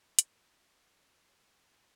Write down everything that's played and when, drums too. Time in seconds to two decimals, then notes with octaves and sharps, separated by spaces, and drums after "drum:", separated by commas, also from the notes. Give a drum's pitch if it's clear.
0.19 B5, drum: hi-hat
1.38 F3 A#3 G4